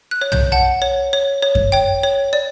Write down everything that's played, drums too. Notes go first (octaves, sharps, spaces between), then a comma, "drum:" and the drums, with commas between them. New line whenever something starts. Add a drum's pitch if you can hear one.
F#6
C#5
G6, drum: tom
F#5 A5
C#5
C#5
C#5
drum: kick F#2
C#5 G5
C#5
D5